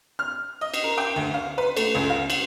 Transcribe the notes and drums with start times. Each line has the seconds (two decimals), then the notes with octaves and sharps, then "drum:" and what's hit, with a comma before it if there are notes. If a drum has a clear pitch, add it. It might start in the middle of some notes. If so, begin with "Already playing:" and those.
0.19 F6
0.61 D#5
0.74 drum: cymbal
0.84 A#4
0.98 G5
1.16 D2
1.34 F5
1.58 B4
1.77 A3, drum: cymbal
1.95 C#2
2.10 F5
2.30 F#7, drum: cymbal